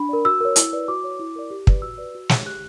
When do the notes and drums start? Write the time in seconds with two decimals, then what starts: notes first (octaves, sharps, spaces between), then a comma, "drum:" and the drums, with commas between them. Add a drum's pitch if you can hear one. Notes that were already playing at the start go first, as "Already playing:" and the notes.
Already playing: D4 B5
0.09 A#4 D5
0.25 F#4 E6
0.41 A#4 C#5
0.56 E4, drum: hi-hat
0.73 B4 D5
0.88 F#4 D6
1.04 C#5
1.20 E4
1.36 A#4 D5
1.50 G4
1.67 B4 D5, drum: kick
1.82 F#4 E6
1.98 B4 D5
2.15 F#4
2.29 C#5, drum: snare
2.46 G4 F#6